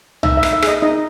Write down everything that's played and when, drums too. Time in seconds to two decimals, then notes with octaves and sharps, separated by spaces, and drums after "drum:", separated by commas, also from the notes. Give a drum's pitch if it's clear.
0.23 D#4 E5, drum: tom
0.37 E5
0.43 D#4, drum: rim click
0.53 E5
0.62 G#4, drum: rim click
0.67 D#5
0.82 D#4 D#5